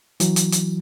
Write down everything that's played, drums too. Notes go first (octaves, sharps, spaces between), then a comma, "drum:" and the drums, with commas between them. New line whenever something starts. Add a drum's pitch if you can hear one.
E3 F#3, drum: hi-hat
drum: hi-hat
drum: hi-hat